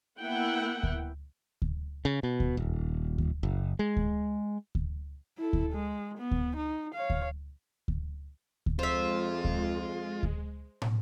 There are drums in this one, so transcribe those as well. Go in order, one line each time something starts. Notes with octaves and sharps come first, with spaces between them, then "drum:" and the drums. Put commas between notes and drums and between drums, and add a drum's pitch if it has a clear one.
A#3 B3 E4 E5 F#5 G5
drum: kick D2
drum: kick D2
C#3
B2
drum: kick D2
D#1
drum: kick D2
F#1
G#3
drum: kick D2
drum: kick D2
E4 A4
drum: kick D2
G#3
B3
drum: kick D2
D#4
C#5 F5
drum: kick D2
drum: kick D2
drum: kick D2
F2 G#3 F4 C5 E5
drum: kick D2
drum: kick D2
drum: tom